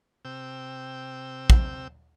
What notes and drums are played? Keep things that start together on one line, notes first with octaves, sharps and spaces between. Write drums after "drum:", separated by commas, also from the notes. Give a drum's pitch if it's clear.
C3 G5 E6
drum: kick